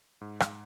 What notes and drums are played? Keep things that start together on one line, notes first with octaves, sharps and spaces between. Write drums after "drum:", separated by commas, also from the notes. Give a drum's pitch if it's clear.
G#2
drum: rim click